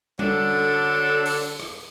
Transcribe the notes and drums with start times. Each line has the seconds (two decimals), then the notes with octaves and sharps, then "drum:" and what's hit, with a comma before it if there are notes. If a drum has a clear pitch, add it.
0.19 D3 F#3 D4 A4, drum: tom G3
1.26 drum: open hi-hat
1.60 drum: rim click